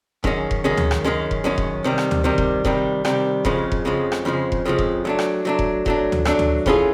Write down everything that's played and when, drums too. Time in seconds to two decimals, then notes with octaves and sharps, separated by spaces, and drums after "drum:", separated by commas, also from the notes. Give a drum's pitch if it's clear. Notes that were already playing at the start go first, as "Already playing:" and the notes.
0.24 F#2 D#3 G#3 C#4, drum: kick F1
0.51 drum: kick F1
0.64 F#2 D#3 G#3 C#4
0.77 drum: tom D2
0.91 drum: rim click
1.04 F#2 D#3 G#3 C#4
1.31 drum: kick F1
1.44 F#2 D#3 G#3 C#4
1.58 drum: kick F1
1.84 C3 D#3 G3
1.98 drum: rim click
2.11 drum: tom D2
2.24 C3 D#3 G3
2.38 drum: kick F1
2.65 C3 D#3 G3, drum: kick F1
3.05 C3 D#3 G3, drum: rim click
3.45 F2 C#3 F3 G#3, drum: kick F1
3.72 drum: kick F1
3.85 F2 C#3 F3 G#3
4.12 drum: rim click
4.25 F2 C#3 F3 G#3
4.52 drum: kick F1
4.65 F2 C#3 F3 G#3
4.79 drum: kick F1
5.05 F#3 A3 D4
5.19 drum: rim click
5.45 F#3 A3 D4
5.59 drum: kick F1
5.86 F#3 A3 D4, drum: kick F1
6.12 drum: tom D2
6.25 F#3 A3 D4, drum: rim click
6.39 drum: tom D2
6.66 E3 A3 C#4 F4 G#4, drum: kick F1